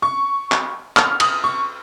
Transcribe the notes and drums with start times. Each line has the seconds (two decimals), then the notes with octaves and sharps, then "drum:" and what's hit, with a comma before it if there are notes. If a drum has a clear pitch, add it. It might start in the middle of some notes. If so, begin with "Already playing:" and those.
0.02 C#6
0.52 drum: clap
0.97 F6, drum: clap
1.20 D#6, drum: cymbal
1.44 C#6